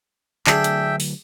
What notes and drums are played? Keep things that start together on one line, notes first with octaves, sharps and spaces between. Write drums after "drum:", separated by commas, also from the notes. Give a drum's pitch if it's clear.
D3 F#3 A3 D4 G#4 E5 G5, drum: clap
drum: hi-hat
drum: open hi-hat